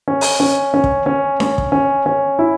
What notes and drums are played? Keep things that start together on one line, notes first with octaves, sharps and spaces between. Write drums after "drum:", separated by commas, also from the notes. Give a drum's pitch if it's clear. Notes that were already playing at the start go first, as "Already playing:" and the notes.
C#4
drum: open hi-hat
C#4
C#4
drum: kick
C#4
C#4, drum: snare D4
drum: kick
C#4
C#4
E4